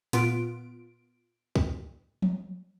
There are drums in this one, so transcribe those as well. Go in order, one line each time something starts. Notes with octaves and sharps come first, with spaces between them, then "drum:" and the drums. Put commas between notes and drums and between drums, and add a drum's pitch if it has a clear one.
A#2 B3 F4 D7, drum: hi-hat
drum: kick
drum: tom F3